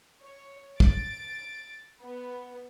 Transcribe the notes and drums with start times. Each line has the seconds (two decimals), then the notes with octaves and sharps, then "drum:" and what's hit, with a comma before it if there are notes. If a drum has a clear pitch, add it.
0.22 C#5
0.80 A6 D7, drum: kick
2.02 B3